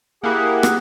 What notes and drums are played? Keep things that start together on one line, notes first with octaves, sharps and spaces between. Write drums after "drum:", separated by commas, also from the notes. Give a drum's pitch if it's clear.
A#3 E4 G4 G#4 F#5
drum: rim click